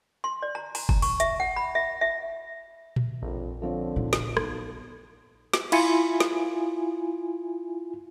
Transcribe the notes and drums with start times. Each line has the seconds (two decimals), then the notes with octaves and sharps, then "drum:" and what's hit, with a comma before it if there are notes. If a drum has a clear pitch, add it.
0.24 C6
0.42 D5
0.55 A#5
0.75 A#5, drum: open hi-hat
0.89 A#5, drum: kick F#1
1.02 C#6, drum: open hi-hat
1.20 E5, drum: hi-hat
1.40 F#5
1.56 B5
1.75 E5
2.01 E5
2.96 drum: tom A#2
3.23 A#1 F2
3.62 D3 F3 C4 C#5
3.96 A#2 D#4
4.13 drum: snare
4.37 B1 B3 A4, drum: rim click
5.54 drum: snare
5.72 E4 F4 G#5 C#7, drum: cymbal
6.20 drum: snare